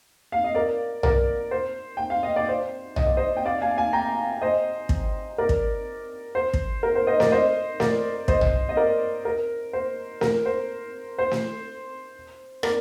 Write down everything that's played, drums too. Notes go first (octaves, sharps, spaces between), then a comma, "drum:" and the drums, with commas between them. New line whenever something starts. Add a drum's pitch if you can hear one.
F5
D#5
A#4 D5
A#4 D5, drum: tom
C5
G5
F5
D#5
D5
C5
D#5, drum: tom
D5
C5 D#5
G5
D5 F5
F5 G#5
F5 G#5
G5 A#5
C5 D#5
drum: kick
A#4 D5
drum: kick
C5
drum: kick
A#4
C5
C5 D#5
A#4 D5, drum: snare
C5 D#5
A#4 D5, drum: snare
C5 D#5, drum: kick
drum: tom
D#5
A#4 D5
A#4
C5
A#4, drum: snare
C5
C5
drum: snare
A#4 D5, drum: rim click